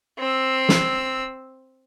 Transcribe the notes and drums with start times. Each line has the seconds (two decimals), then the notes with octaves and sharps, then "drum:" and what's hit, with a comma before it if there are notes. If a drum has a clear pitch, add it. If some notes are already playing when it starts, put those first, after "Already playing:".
0.18 C4 E6
0.69 drum: snare